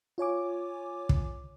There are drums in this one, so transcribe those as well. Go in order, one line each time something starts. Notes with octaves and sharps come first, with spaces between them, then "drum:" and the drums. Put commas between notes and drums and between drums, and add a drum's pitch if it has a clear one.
F4 C#5 G#5 D6
drum: kick